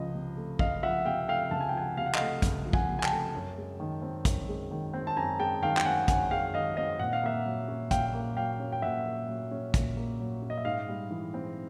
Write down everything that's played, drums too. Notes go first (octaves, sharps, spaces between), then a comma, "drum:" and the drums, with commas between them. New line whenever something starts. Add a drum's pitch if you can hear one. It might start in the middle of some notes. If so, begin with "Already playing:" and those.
Already playing: C#2 F3 D#5
C3
A3
C#2 D#5 F5, drum: kick
F3 E5 F#5
C3 F5 G5
A3 F5 G5
C#2 A5
G#5
G5
F3 F#5 G#5
C3 F5
F#5
A3 D#5 F5, drum: clap
C#2, drum: kick, hi-hat
F3
F#5 G#5, drum: kick
C3
G#5
G5 A5, drum: clap
A3
F#2
G#3
D#3
C4
F#2, drum: kick, hi-hat
G#3
D#3
C4
A5
F#2 G#5 A#5
G#3 G5 A5
D#3 F5 G5
G5, drum: clap
C4 F#5 G#5
F#2 F#5 G#5, drum: kick, hi-hat
G#3 F5 G5
D#3 D#5 F5
C4 D#5 F5
A#2 F#5
F5
A#3 E5 F#5
F#3
C#4
A#2 F5 G5, drum: kick, hi-hat
A#3
F#3 F5 G5
C#4
G5
A#2 E5 F#5
A#3
F#3
C#4
A#2, drum: kick, hi-hat
A#3
F#3
C#4
D#5
E5
G#2 D#5 F5
G3
E3
C4